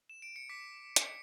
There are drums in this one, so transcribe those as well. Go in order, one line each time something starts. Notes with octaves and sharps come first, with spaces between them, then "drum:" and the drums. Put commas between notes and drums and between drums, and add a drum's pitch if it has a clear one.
E7
D7
C#7
D6 B6
D6 C#7, drum: hi-hat